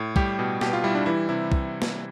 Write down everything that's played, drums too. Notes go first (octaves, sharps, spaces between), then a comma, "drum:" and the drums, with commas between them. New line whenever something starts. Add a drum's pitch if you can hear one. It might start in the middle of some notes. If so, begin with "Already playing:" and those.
Already playing: A2
G3 G4, drum: kick
B2
B2 G4, drum: snare
F4
G3 E4
D4
E3 E4
C3 E4
drum: kick
drum: snare